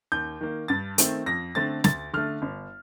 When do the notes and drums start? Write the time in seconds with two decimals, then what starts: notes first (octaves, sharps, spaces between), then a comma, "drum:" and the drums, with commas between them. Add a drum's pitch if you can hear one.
0.12 D#2 G6
0.41 D#3 A#3
0.68 G2 A6
0.98 D#3 A3 C4, drum: hi-hat
1.26 F2 A#6
1.55 D3 A3 C4 A6
1.84 D2 A6, drum: snare
2.13 D3 A3 F6
2.42 G1